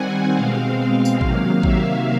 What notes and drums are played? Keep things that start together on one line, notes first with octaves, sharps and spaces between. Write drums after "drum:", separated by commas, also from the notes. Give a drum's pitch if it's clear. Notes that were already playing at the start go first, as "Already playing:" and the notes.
Already playing: D#3 G3 C4 F#5 G#5
B2 G#3 C4 F5
drum: tambourine
C3 D#3 F#3 A#3, drum: kick A1
E5, drum: kick A1